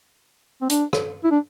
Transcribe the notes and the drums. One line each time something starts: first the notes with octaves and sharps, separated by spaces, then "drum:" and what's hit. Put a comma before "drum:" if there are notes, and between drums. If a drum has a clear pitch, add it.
C4
D4, drum: hi-hat
drum: rim click
E4
D4